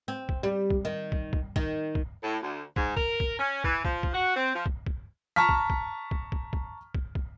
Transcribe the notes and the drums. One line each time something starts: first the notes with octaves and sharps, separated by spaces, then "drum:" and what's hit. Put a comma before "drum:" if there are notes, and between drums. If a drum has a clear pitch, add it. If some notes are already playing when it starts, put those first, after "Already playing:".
C4
drum: kick
G3
drum: kick
D#3
drum: kick
drum: kick
D#3, drum: kick
drum: kick
A2
D2
G#2, drum: kick
A#4, drum: kick
drum: kick
C#4
E3, drum: kick
F3, drum: kick
drum: kick
F#4
C4
F3
drum: kick
drum: kick
A5 A#5 C#6 F6 B6
drum: kick
drum: kick
drum: kick
drum: kick
drum: kick
drum: kick
drum: kick